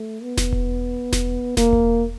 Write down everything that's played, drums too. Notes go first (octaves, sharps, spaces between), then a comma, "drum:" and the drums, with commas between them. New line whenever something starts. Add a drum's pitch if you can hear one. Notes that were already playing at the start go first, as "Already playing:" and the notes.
Already playing: A3
B3
drum: snare E1
drum: kick E1
drum: snare E1
A#3, drum: snare E1
drum: kick E1